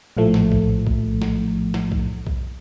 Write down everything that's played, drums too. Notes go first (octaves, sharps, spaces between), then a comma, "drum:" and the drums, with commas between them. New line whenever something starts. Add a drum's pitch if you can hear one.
A#1 A2 F3 A3
drum: snare
drum: kick B1
drum: kick B1
drum: snare
drum: snare
drum: kick B1
drum: kick B1